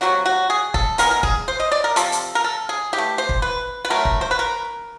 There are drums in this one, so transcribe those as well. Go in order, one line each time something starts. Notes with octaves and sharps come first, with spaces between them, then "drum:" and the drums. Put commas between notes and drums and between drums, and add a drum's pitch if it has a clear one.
C3 D#3 F#3 A#3 F#4
F#4
G#4
A4, drum: kick
E3 G#3 B3 A#4, drum: hi-hat
A#4
G#4, drum: kick
C5
D#5
D5
A#4
C3 F3 A4, drum: hi-hat
drum: hi-hat
A#4
A4
G#4
E3 G4
A3
C5
drum: kick
B4
B4
D3 F#3 A3 A#4
drum: kick
C5
B4
A#4